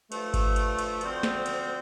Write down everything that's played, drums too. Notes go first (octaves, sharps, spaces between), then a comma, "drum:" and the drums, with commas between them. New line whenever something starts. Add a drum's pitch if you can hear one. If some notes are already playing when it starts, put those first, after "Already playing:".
G2 F3 A3, drum: cymbal
drum: kick G#1, cymbal
drum: cymbal
drum: cymbal
D2 D3 F3 C4, drum: cymbal
drum: snare
drum: cymbal